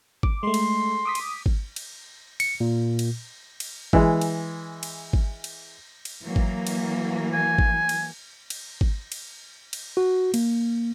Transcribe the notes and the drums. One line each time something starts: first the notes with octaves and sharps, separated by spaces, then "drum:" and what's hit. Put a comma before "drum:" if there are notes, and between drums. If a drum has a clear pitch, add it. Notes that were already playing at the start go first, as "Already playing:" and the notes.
D6, drum: kick G#1
G#3 A3 C6
drum: cymbal
D6 D#6 B6
drum: cymbal
drum: kick G#1
drum: cymbal
C#7, drum: cymbal
A#2
drum: cymbal
drum: cymbal
E3 G#3, drum: kick G#1
drum: cymbal
drum: cymbal
drum: kick G#1
drum: cymbal
drum: cymbal
E3 F#3 A#3
drum: kick G#1
drum: cymbal
G#5
drum: kick G#1
drum: cymbal
drum: cymbal
drum: kick G#1
drum: cymbal
drum: cymbal
F#4
A#3, drum: cymbal